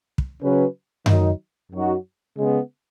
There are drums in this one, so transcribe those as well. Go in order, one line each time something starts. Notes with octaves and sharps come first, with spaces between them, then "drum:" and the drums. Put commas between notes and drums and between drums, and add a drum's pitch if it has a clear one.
drum: kick
C#3 F#3 C#4 B4
D#3 F#3 D#4, drum: tom F#2
F#2 F#3 D#4 F#4
C#3 G#3 B3